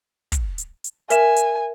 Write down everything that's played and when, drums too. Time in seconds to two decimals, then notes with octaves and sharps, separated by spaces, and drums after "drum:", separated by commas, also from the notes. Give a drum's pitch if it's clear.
0.32 drum: kick, hi-hat
0.58 drum: hi-hat
0.84 drum: hi-hat
1.10 A#4 E5 G#5 E7, drum: hi-hat
1.36 drum: hi-hat